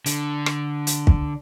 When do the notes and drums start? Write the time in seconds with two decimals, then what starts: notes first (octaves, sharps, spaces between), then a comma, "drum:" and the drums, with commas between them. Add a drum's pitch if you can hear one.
0.06 D3, drum: hi-hat
0.46 drum: rim click
0.87 drum: hi-hat
1.07 drum: kick